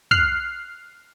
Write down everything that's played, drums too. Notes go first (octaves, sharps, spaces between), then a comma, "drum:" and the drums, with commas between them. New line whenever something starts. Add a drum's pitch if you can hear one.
F6 F#6 C7, drum: tom